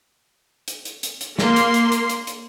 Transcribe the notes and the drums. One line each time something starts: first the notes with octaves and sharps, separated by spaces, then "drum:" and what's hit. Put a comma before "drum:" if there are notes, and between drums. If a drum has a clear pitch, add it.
drum: hi-hat
drum: hi-hat
drum: hi-hat
drum: hi-hat
A#3 C6, drum: snare
drum: hi-hat
drum: hi-hat
drum: hi-hat
drum: hi-hat
drum: hi-hat